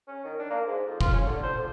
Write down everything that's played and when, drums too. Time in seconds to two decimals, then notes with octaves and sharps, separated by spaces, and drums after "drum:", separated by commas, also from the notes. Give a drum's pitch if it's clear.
0.08 C#4
0.25 D#3
0.39 D4
0.50 A#3
0.66 G#2
0.86 F2
1.01 F4, drum: kick F1
1.13 C#4
1.26 D3
1.43 C5
1.57 F2